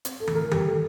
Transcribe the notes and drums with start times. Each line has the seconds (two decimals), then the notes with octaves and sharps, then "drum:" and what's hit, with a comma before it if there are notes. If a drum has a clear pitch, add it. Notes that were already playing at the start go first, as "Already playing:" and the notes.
0.05 C4, drum: hi-hat
0.20 A4
0.27 A2, drum: tom D#3
0.35 A#4
0.51 G2 G4, drum: tom D#3
0.67 A4